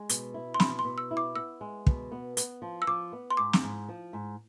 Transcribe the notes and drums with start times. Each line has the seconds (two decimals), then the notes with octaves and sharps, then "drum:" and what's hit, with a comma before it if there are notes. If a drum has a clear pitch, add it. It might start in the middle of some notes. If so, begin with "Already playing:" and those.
Already playing: G#3
0.09 B2, drum: hi-hat
0.34 E4
0.54 C6
0.60 B2 B5, drum: snare
0.79 C6
0.85 B2
0.98 E6
1.11 E4
1.17 D6
1.36 B3 E6
1.61 G#3
1.87 B2, drum: kick
2.12 B3
2.37 B3, drum: hi-hat
2.62 F3
2.82 E6
2.87 F3 D6
3.13 B3
3.31 C6
3.37 G#2 D6
3.53 drum: snare
3.63 G#2
3.89 F3
4.13 G#2